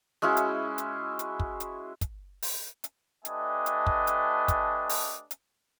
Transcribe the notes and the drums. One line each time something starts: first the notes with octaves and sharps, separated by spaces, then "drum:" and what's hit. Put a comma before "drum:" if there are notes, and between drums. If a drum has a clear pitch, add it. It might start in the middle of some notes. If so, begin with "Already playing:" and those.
G#3 C#4 E4 F#4
drum: hi-hat
drum: hi-hat
drum: hi-hat
drum: kick
drum: hi-hat
drum: kick, hi-hat
drum: open hi-hat
drum: hi-hat
A3 D4 G4 B4 D#5 G#5, drum: hi-hat
drum: hi-hat
drum: kick
drum: hi-hat
drum: kick, hi-hat
drum: open hi-hat
drum: hi-hat